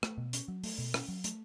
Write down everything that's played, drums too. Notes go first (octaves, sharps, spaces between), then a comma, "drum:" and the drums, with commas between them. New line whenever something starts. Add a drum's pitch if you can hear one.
A3, drum: rim click
B2
C#4, drum: hi-hat
F#3
A3, drum: open hi-hat
B2
C#4, drum: rim click
F#3
A3, drum: hi-hat